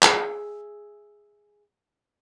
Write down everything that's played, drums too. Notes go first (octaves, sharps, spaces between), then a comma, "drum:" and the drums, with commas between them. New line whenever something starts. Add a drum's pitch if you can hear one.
G#4 E5, drum: clap